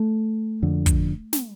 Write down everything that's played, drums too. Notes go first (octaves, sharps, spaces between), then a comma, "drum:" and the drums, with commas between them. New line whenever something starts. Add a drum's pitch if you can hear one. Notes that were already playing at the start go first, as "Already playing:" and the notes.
Already playing: A3
F2 D3
drum: kick, hi-hat
drum: snare